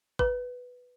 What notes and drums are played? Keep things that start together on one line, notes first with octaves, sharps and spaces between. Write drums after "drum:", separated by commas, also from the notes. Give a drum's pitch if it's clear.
B4, drum: kick G#1